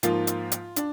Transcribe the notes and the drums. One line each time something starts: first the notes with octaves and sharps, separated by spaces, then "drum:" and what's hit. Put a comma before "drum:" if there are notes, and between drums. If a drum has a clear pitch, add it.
G#2 F3 A#3 F4, drum: hi-hat
drum: hi-hat
drum: hi-hat
D4, drum: hi-hat